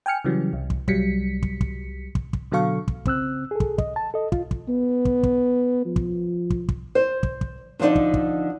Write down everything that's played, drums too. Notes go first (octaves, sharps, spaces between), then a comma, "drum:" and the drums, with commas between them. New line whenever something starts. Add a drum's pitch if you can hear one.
G5 G#5 F6 C#7
C#3 E3 F#3 G3
C2
drum: kick
C2 F#3 G3 B6 C#7, drum: kick
drum: kick
drum: kick
drum: kick
drum: kick
B2 D3 F#3 A4 F5 C#6
drum: kick
C#3 C4 E6 F#6, drum: kick
G#4 A4
drum: kick
D#5, drum: kick
A5
A4 D#5
F4, drum: kick
drum: kick
B3
drum: kick
drum: kick
F3
drum: kick
drum: kick
drum: kick
C5
drum: kick
drum: kick
D3 F3 G3 D4 D#4
drum: kick
drum: kick